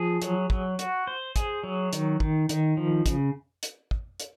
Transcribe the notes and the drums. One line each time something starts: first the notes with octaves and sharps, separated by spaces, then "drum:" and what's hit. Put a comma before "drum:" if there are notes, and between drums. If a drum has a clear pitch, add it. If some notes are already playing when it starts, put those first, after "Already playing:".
Already playing: F3 G#4
F#3, drum: hi-hat
F#3, drum: kick
F#4, drum: hi-hat
C5
G#4, drum: kick, hi-hat
F#3
D#3, drum: hi-hat
D#3, drum: kick
D#3, drum: hi-hat
F3
C#3, drum: kick, hi-hat
drum: hi-hat
drum: kick
drum: hi-hat